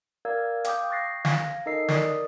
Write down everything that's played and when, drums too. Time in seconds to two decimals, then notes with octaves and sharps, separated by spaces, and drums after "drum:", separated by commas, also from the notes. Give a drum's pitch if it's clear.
0.25 A#4 D5 F5 E6 G#6
0.64 F5 G5 D6 D#6 G6, drum: hi-hat
0.90 C#6 F#6 A6 A#6 C7
1.25 F5 G#5 A#6, drum: snare
1.66 D#4 A4 A#4 D#5 E6 C7
1.88 A#4 D5 D#6, drum: snare